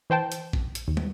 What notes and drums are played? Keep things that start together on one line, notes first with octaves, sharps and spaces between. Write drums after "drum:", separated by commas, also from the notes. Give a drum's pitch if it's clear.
E3 C5 G5 A5
drum: hi-hat
drum: kick A#1
drum: hi-hat
D#2
drum: tom